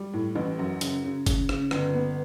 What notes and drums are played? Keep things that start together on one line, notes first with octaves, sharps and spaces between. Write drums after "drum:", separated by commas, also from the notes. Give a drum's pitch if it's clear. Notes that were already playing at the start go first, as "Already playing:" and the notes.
Already playing: G3
A2
A1
F#2
C#3, drum: hi-hat
C#3
C#3, drum: kick G1, hi-hat
C#3, drum: rim click
G1, drum: rim click
B3